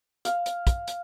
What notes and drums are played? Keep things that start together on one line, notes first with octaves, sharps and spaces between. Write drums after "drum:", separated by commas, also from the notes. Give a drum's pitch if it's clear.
F5, drum: hi-hat
drum: hi-hat
drum: kick, hi-hat
drum: hi-hat